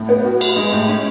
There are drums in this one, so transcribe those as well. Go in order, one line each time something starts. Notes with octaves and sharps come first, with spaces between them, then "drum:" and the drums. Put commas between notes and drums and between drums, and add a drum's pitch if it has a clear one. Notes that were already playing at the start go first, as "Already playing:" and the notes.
Already playing: A2
B3
F#4
B4, drum: cymbal
G#3
A2
C#4